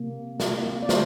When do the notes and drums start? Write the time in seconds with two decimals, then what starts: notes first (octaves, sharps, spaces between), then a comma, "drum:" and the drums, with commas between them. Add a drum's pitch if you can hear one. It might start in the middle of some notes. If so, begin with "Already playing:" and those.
Already playing: C3 A#3
0.40 C3 A#3, drum: snare
0.82 D5
0.89 D3 G3 C5, drum: snare